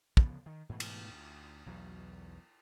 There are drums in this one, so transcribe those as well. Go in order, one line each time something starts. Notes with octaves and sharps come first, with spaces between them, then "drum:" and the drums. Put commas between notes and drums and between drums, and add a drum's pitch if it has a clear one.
C#3 F3 B3, drum: kick
D#3
G#2 B2 E3 A3
drum: cymbal
D2
B1 E2 F#3